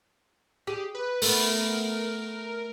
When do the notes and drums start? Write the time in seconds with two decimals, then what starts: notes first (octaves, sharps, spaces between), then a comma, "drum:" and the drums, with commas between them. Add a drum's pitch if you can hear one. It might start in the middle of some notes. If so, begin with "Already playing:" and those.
0.67 G4 G#4
0.95 B4
1.22 A3 B3 A#4, drum: open hi-hat